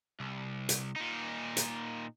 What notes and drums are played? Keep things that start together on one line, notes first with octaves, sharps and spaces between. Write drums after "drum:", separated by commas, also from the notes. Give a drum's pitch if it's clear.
C2
drum: hi-hat
A#2 D#4
drum: hi-hat